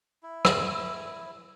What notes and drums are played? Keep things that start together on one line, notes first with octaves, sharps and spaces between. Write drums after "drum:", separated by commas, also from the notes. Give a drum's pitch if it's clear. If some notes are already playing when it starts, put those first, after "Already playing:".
E4
drum: rim click